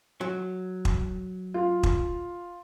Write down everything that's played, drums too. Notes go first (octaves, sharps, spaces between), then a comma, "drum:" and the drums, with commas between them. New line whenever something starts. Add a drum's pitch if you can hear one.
F#3
drum: kick
F4
drum: kick